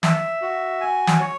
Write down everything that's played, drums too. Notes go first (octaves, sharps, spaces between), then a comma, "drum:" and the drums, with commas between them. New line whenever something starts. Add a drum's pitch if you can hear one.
E5, drum: snare
F#4
G#5
drum: snare
C#5